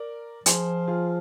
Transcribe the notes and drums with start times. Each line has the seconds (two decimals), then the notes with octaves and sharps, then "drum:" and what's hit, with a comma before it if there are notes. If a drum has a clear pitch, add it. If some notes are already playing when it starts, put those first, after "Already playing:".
Already playing: A#4 D5
0.46 F3 G#4 C5, drum: hi-hat
0.87 F4 G#4